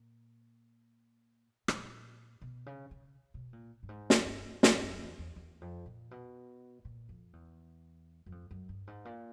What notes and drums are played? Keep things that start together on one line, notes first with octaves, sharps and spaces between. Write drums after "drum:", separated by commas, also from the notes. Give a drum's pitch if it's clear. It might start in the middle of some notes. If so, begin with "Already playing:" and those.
Already playing: A#2
A#2, drum: rim click
B2
C#3
C#3
B2
A#2
G2
G#2
drum: snare
G2
G2, drum: snare
F#2
E2
E2
E2
F2
A#2
B2
A#2
F2
E2
F#2
F2
F#2
G2
G#2
A#2